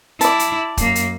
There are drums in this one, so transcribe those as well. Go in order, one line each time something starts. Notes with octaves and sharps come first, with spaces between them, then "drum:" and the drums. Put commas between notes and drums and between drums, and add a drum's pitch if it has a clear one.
E4 D5 A5, drum: hi-hat
drum: hi-hat
F#2 A#3, drum: kick, hi-hat
drum: hi-hat